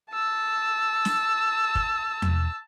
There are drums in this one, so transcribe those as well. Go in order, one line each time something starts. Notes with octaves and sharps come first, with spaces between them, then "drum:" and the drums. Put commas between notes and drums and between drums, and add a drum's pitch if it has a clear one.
A5 E6
drum: snare
drum: kick
drum: tom E2